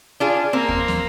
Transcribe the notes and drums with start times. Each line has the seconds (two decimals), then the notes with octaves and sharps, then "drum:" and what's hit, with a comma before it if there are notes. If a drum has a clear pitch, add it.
0.20 D4 F4 G#4
0.53 A#3 C4
0.69 drum: kick
0.88 drum: snare